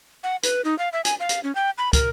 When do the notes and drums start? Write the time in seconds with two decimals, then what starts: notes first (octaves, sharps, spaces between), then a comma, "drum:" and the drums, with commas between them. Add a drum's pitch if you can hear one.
0.23 F#5
0.43 B4, drum: hi-hat
0.65 D#4
0.79 F5
0.93 E5
1.05 G#5, drum: hi-hat
1.20 F5
1.29 drum: hi-hat
1.44 C#4
1.55 G5
1.78 B5
1.93 A#4, drum: kick, hi-hat